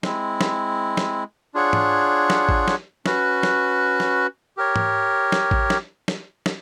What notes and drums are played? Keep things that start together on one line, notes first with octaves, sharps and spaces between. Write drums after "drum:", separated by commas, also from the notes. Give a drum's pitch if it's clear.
G#3 C4 E4, drum: snare
drum: snare
drum: snare
D4 F4 G#4 C#5 F#5
drum: tom G#2
drum: snare
drum: kick A1
drum: snare
C#4 F#4 B4, drum: snare
drum: snare
drum: snare
G4 A#4 C#5
drum: tom G#2
drum: snare
drum: kick A1
drum: snare
drum: snare
drum: snare